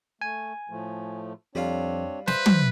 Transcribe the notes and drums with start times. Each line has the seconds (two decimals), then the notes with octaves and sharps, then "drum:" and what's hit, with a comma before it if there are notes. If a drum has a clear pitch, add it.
0.21 A3 G#5
0.70 A2 F3 A3
1.55 F2 G3 C4 D4 F4 C#5
2.27 B4 C5 E5, drum: snare
2.46 drum: tom